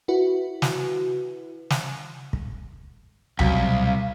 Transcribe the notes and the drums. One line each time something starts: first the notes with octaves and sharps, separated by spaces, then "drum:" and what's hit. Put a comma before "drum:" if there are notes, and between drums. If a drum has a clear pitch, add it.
E4 F#4 B4
drum: snare
drum: snare
drum: kick
C2 B2 F#3 F5 B6, drum: tom C#2